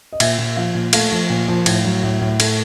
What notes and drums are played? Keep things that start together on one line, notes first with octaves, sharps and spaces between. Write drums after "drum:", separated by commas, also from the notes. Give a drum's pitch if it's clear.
D#5
A#2 E5, drum: cymbal
A#2
F3 F5
A#2
A3 F5, drum: cymbal
F3
A#2
F3
A2, drum: cymbal
F#3
A2
A2
A3, drum: cymbal